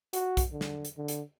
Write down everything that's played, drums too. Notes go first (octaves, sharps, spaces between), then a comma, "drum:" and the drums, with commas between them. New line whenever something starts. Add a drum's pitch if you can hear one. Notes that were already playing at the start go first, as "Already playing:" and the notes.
F#4, drum: hi-hat
drum: kick B1, hi-hat
D3
drum: snare
drum: hi-hat
D3
drum: hi-hat